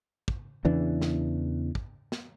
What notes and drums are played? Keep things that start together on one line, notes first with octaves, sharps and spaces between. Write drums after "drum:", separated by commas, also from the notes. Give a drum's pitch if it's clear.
drum: kick
E2 C#3 E3 D4
drum: snare
drum: kick
drum: snare